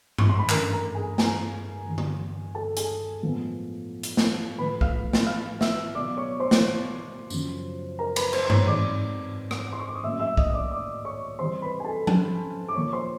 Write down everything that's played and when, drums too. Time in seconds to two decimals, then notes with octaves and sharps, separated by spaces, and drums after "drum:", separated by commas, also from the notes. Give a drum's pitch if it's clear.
0.18 C#6, drum: tom G2
0.29 C6
0.39 B5
0.49 G2 E3 A3 C#4 A#4 A#5, drum: clap
0.73 A#4 A#5
0.95 G#4 G#5
1.18 G#4 G#5, drum: snare
1.86 G2 E3 G3
1.98 drum: tom D3
2.55 A4 A5
2.77 G#4 G#5, drum: hi-hat
3.22 A2 F3 G#3 B3
4.03 drum: hi-hat
4.17 drum: snare
4.58 A2 F3 A3 B4 B5
4.81 F5 F6, drum: kick
5.13 drum: snare
5.26 F5 F6
5.61 E5 E6, drum: snare
5.94 B2 F#3 B3 D5 D6
6.17 C#5 C#6
6.40 C5 C6
6.51 drum: snare
7.30 F#2 C#3 F3, drum: tambourine
7.99 A#4 A#5
8.16 B4 B5, drum: cymbal
8.33 C5 C6, drum: cymbal
8.45 C6
8.50 C#5 C#6, drum: tom G2
8.66 G#2 E3 G#3 C4 D#4 D5 D6
9.51 drum: rim click
9.73 C6
9.79 C#6
9.88 D6
9.95 D#6
10.04 A2 F#3 A#3 C#4 E5 E6
10.20 E5 E6
10.37 D#5 D#6, drum: kick
10.50 D#6
10.54 D5 D6
10.72 D5 D6
11.05 C#5 C#6
11.39 C3 E3 G3 C5 C6
11.62 B4 B5
11.80 G#5
11.85 A4 A5
12.07 A4 A5, drum: tom F3
12.68 D6
12.75 A#2 F3 A#3 C#5 C#6
12.93 C5 C6